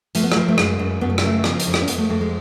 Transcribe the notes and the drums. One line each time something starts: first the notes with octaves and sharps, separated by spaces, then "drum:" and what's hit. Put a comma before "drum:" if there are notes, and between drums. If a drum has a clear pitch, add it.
F3 A3, drum: hi-hat
B3
F3 A3, drum: rim click
A3
F#2 G#3, drum: rim click
F#2
F#2 B3
A3
G#3, drum: rim click
C#3 A3
F3 B3, drum: rim click
C#4, drum: hi-hat
F2
B3, drum: rim click
C#4
F2 B3, drum: hi-hat
A3
F2 A3
G#3